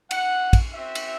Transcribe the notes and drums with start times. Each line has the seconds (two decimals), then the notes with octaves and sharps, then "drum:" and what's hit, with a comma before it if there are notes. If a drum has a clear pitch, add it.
0.11 F#5, drum: cymbal
0.53 drum: kick, cymbal
0.74 C4 F#4 E5
0.95 drum: cymbal